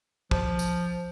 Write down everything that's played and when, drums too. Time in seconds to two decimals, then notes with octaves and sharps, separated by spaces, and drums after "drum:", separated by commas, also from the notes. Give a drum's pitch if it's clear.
0.31 F3, drum: kick
0.59 drum: tambourine